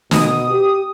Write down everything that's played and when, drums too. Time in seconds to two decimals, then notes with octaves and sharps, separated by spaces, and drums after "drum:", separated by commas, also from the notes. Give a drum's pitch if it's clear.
0.11 B2 D#6, drum: snare
0.51 G4